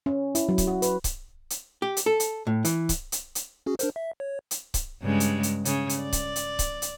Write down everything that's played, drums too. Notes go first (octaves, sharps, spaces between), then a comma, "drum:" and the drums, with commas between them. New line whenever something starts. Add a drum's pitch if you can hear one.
C#4
E4, drum: hi-hat
F#3
drum: kick C#1, hi-hat
F#4
B4, drum: hi-hat
drum: kick C#1, hi-hat
drum: hi-hat
G4
drum: hi-hat
A4
drum: hi-hat
A2
E3, drum: hi-hat
drum: kick C#1, hi-hat
drum: hi-hat
drum: hi-hat
C#4 F#4 G#4
D4 A#4 C5, drum: hi-hat
E5
C#5
drum: hi-hat
drum: kick C#1, hi-hat
G2 C#3 G#3
drum: hi-hat
drum: hi-hat
C#3, drum: hi-hat
drum: hi-hat
D5
drum: kick C#1, hi-hat
drum: hi-hat
drum: kick C#1, hi-hat
drum: hi-hat